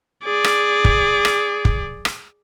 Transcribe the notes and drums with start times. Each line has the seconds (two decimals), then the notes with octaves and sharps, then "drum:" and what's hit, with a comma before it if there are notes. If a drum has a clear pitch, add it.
0.24 G#4 D5
0.44 drum: rim click
0.85 drum: kick
1.25 drum: rim click
1.65 drum: kick
2.05 drum: rim click